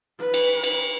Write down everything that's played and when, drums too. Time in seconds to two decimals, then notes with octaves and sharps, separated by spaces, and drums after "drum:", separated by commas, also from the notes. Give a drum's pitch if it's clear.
0.19 B4
0.34 drum: cymbal
0.64 drum: cymbal